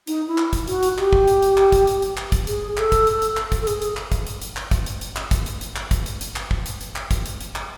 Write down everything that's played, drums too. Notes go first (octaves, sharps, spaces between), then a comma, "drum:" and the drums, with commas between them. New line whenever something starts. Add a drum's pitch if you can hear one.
D#4, drum: hi-hat
E4
drum: clap
drum: kick, hi-hat
F#4, drum: hi-hat
drum: hi-hat
G4, drum: clap
drum: kick
drum: hi-hat
drum: hi-hat
drum: clap
drum: kick, hi-hat
drum: hi-hat
drum: hi-hat
drum: clap
drum: kick, hi-hat
G#4, drum: hi-hat
A4, drum: clap
drum: kick, hi-hat
drum: hi-hat
drum: hi-hat
drum: clap
drum: kick, hi-hat
A4
G#4, drum: hi-hat
drum: hi-hat
drum: clap
drum: kick, hi-hat
drum: hi-hat
drum: hi-hat
drum: clap
drum: kick, hi-hat
drum: hi-hat
drum: hi-hat
drum: clap
drum: kick, hi-hat
drum: hi-hat
drum: hi-hat
drum: clap
drum: kick, hi-hat
drum: hi-hat
drum: hi-hat
drum: clap
drum: kick
drum: hi-hat
drum: hi-hat
drum: clap
drum: kick, hi-hat
drum: hi-hat
drum: hi-hat
drum: clap